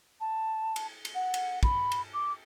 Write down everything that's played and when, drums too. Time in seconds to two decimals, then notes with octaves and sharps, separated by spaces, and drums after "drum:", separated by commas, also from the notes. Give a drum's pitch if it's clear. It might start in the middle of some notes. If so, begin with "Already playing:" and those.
0.20 A5
0.76 drum: cymbal
1.05 drum: cymbal
1.15 F#5
1.34 drum: cymbal
1.63 B5, drum: kick
1.92 drum: cymbal
2.13 D6